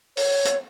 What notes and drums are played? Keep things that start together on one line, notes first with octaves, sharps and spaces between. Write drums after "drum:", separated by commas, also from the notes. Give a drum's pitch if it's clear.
C#5, drum: open hi-hat
drum: hi-hat